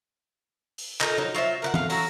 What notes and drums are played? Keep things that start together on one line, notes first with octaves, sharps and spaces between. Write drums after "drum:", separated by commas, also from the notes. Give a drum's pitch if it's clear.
drum: open hi-hat
D#4 F4 A4 A#4, drum: clap
F3 F#3 D#4
F#3 F4 C5 E5
A#4 B4 F#5
A3 F5, drum: tom E3
F#3 E4 F#4 A#5, drum: open hi-hat